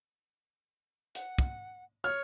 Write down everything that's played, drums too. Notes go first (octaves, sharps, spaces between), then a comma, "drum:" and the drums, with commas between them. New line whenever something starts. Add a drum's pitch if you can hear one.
F#5, drum: hi-hat
drum: kick
C#5 F6